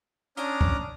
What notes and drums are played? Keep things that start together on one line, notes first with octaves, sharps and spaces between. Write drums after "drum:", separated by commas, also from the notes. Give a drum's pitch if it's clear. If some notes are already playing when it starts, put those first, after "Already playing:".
C#4 D4 A#5 D6 D#6 F6, drum: hi-hat
drum: kick